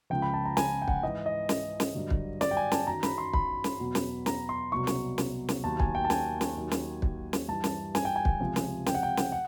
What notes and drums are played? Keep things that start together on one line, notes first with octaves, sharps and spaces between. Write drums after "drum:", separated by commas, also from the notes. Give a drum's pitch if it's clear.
C#2 C#3 F3 G5
B5
A5
A#5
G#5, drum: snare
G5
F#5, drum: kick
G#2 E3 D#5
D#5
drum: snare
drum: snare
G2 D3 F#3
drum: kick
D5, drum: snare
G5
G#5
A5, drum: snare
F#2 D#3 F#3 A#5
B5, drum: snare
C6
B5, drum: kick
drum: snare
E2 B2 F#3
drum: snare
A#5, drum: snare
C6
C2 B2 F#3 C#6
drum: snare
drum: snare
drum: snare
D#2 D#3 F#3 A5
G#5, drum: kick
G5
A5
G#5, drum: snare
drum: snare
D#2 D#3 F#3
drum: snare
drum: kick
drum: snare
G2 E3 A5
drum: snare
G#5, drum: snare
G5
G#5
drum: kick
C#2 C3 F3
drum: snare
G5, drum: snare
F#5
G5
drum: snare
F#5